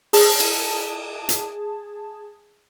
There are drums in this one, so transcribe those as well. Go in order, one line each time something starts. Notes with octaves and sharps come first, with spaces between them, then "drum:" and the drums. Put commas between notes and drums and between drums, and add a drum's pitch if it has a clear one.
G#4 A5, drum: open hi-hat
drum: cymbal
drum: hi-hat